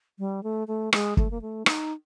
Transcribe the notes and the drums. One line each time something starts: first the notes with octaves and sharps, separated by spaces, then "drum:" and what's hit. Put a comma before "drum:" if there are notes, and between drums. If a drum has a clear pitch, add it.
G3
A3
A3
G#3, drum: rim click
A3, drum: kick
A#3
A3
D#4, drum: rim click